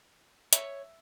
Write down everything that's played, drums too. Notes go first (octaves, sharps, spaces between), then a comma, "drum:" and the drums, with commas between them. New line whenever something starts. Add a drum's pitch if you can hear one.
C#5 E5, drum: hi-hat